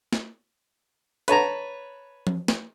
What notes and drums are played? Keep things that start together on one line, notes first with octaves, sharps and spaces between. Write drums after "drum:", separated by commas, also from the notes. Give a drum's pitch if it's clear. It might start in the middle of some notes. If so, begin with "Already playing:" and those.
drum: snare
B4 C#5 A5 A#5, drum: hi-hat
drum: tom F3
drum: snare